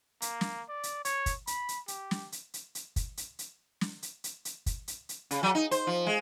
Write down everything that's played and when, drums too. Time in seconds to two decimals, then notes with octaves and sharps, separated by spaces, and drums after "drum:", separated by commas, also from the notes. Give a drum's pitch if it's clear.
0.22 A#3, drum: hi-hat
0.41 drum: snare
0.69 D5
0.83 drum: hi-hat
1.05 C#5, drum: hi-hat
1.26 drum: kick, hi-hat
1.47 B5, drum: hi-hat
1.69 drum: hi-hat
1.88 G4, drum: hi-hat
2.11 drum: snare
2.32 drum: hi-hat
2.54 drum: hi-hat
2.75 drum: hi-hat
2.96 drum: kick, hi-hat
3.17 drum: hi-hat
3.39 drum: hi-hat
3.81 drum: snare
4.03 drum: hi-hat
4.24 drum: hi-hat
4.45 drum: hi-hat
4.66 drum: kick, hi-hat
4.88 drum: hi-hat
5.09 drum: hi-hat
5.31 C#3, drum: hi-hat
5.43 F#3
5.55 D#4
5.71 C5, drum: hi-hat
5.87 F3
6.07 G#3